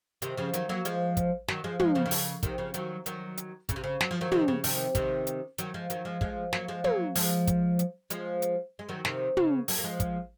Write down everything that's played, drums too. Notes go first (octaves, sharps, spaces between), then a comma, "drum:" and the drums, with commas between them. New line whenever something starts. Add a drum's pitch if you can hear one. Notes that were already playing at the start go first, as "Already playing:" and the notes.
C3 D#3, drum: hi-hat
C#3 F3
D#3 F#3, drum: hi-hat
F#3 A#3
F3 G#3, drum: hi-hat
drum: kick, hi-hat
D#3 F#3, drum: snare
F3 G#3
F3 G#3, drum: tom
C#3 F3
D#3
C#3, drum: open hi-hat
C3 D#3, drum: kick, hi-hat
C#3 F3
D#3 F#3, drum: hi-hat
D#3 F#3, drum: hi-hat
drum: hi-hat
C#3, drum: kick, hi-hat
C3
C#3
F#3, drum: snare
F3
D#3 F#3
C3 D#3, drum: tom
C#3
C3 D#3, drum: open hi-hat
C3 D#3, drum: kick, hi-hat
drum: hi-hat
D#3 F#3, drum: hi-hat
F3 G#3
D#3 F#3, drum: hi-hat
F3 G#3
F3 G#3, drum: kick
F#3 A#3, drum: snare
F3 G#3
F#3 A#3, drum: tom
F3 G#3, drum: open hi-hat
drum: kick, hi-hat
drum: hi-hat
F3 G#3, drum: hi-hat
drum: hi-hat
G#3
D#3 F#3
C3 D#3, drum: snare
C#3, drum: tom
F#3 A#3, drum: open hi-hat
A#3
F3 G#3
drum: kick, hi-hat